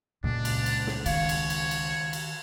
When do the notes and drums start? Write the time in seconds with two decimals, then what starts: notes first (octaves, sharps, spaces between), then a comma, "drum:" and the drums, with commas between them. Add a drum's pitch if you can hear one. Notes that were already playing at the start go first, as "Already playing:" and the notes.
0.24 C#2 A#2 C#3 D4
0.45 drum: cymbal
0.66 drum: cymbal
0.87 drum: snare
1.06 D#3 C#5 F5, drum: cymbal
1.29 drum: cymbal
1.50 drum: cymbal
1.71 drum: cymbal
2.13 drum: cymbal